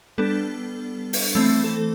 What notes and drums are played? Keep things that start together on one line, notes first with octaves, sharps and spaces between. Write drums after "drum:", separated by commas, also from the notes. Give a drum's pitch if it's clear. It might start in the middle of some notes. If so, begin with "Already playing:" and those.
G3 B3 D4 A4
drum: open hi-hat
E3 A3 C4
A4